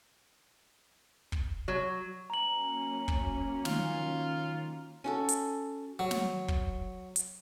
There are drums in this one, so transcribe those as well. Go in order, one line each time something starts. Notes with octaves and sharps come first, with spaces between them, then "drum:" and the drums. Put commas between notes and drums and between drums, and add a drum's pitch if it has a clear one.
drum: kick
F#3
F#3 A#3 C#4 A#5 F#7
drum: kick
D#3 F4, drum: snare
C#4 F#4 A4
drum: hi-hat
F#3
drum: snare
drum: kick
drum: hi-hat